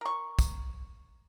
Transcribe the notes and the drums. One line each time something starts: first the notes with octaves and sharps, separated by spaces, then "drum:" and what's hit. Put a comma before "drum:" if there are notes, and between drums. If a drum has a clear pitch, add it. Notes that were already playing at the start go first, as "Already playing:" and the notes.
A#4 C#6
drum: kick, tambourine